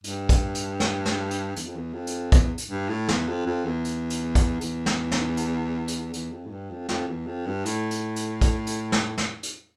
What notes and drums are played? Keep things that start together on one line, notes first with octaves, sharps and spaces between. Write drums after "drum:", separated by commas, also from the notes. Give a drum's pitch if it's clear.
G2, drum: hi-hat
drum: kick A#1, hi-hat
drum: hi-hat
drum: snare
drum: snare
drum: hi-hat
E2, drum: hi-hat
F2
E2
F2
drum: hi-hat
E2, drum: kick A#1, hi-hat
drum: hi-hat
G2
A2
E2, drum: snare
F2
F2
E2
drum: hi-hat
drum: hi-hat
drum: kick A#1, hi-hat
E2, drum: hi-hat
drum: snare
drum: snare
drum: hi-hat
drum: hi-hat
E2, drum: hi-hat
F2
A2
G2
F2
F2, drum: snare
E2
F2
G2
A2, drum: hi-hat
drum: hi-hat
drum: hi-hat
drum: kick A#1, hi-hat
drum: hi-hat
drum: snare
drum: snare
drum: hi-hat